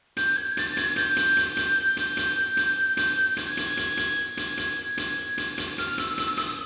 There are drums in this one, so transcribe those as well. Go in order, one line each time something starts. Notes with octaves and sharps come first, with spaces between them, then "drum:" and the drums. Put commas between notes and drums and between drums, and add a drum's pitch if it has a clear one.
G6, drum: hi-hat
G#6
A6, drum: hi-hat
G#6, drum: hi-hat
G6, drum: hi-hat
drum: hi-hat
drum: hi-hat
drum: hi-hat
drum: hi-hat
drum: hi-hat
drum: hi-hat
drum: hi-hat
G#6, drum: hi-hat
drum: hi-hat
drum: hi-hat
drum: hi-hat
drum: hi-hat
drum: hi-hat
drum: hi-hat
drum: hi-hat
drum: hi-hat
F6, drum: hi-hat
E6, drum: hi-hat
E6, drum: hi-hat
D#6, drum: hi-hat